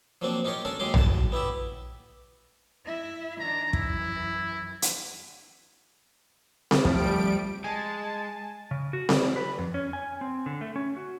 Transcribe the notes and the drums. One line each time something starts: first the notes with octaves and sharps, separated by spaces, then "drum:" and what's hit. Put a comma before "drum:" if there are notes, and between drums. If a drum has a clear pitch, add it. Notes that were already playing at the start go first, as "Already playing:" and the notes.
F3 F#3 A#3 C4 D4
D#4 F4 G4 A#4 C#5
C#4 D4 A4 A#4 D5
D#2 F#3 G#3 G4 C6 D6
F#2 A5, drum: tom A#1
B3 E4 G4 E5
E4 E5
D#3 D4 A#5
F#2 E3 E4, drum: kick
drum: hi-hat
drum: snare C4
F3 G3 A3 D7, drum: kick
G#3 G#5 A5 A6
C#3
F#4
D5, drum: snare C4
B4
F2
C#4
G#5
C4
D3
A3
C#4
F#4